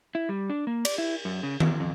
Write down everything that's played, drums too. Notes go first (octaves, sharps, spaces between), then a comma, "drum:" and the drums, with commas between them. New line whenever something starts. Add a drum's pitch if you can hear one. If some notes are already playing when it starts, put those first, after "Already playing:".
E4
G3
D4
A#3
D5, drum: cymbal
E4
F#2
C#3
E2, drum: tom D#3
F2